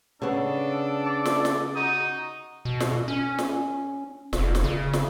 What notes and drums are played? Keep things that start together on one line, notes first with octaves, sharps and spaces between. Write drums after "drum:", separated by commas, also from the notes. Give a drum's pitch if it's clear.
C#3 B3 D4 A4
D5
drum: snare
drum: snare
D#4 F#4 D#6
B2
drum: snare
C#4
drum: snare
F1, drum: snare
drum: snare
C#3
drum: snare